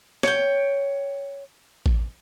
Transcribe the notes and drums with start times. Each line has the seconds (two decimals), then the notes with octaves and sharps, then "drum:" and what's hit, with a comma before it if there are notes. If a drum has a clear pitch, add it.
0.23 C#5 G5, drum: snare
1.86 drum: kick A1